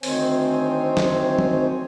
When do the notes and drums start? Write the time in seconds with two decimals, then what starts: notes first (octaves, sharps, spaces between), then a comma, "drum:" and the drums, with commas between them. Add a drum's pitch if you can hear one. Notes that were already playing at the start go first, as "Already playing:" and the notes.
0.03 D2 D#3 C4 C5 C#5 G#5, drum: open hi-hat
0.97 drum: snare
1.39 drum: tom F3